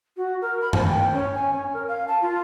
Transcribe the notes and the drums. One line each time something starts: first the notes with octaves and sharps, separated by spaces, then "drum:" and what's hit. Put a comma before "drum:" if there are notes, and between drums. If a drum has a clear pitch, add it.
F#4
A#4
B5
C5, drum: tom F#2
G5
C#4
G#5
C#4
A#4
F5
A5
F4